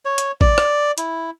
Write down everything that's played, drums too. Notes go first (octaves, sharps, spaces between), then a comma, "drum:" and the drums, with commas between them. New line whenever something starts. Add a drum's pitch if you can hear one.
C#5
drum: hi-hat
D5, drum: kick A1
drum: rim click
E4, drum: hi-hat